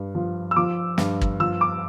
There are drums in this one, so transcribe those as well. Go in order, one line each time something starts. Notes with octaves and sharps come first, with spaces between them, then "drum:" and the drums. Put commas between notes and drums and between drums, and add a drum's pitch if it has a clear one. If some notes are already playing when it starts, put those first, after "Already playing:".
Already playing: G2
F3
E6
F3 D6
G2, drum: snare
drum: kick
F3 E6
D6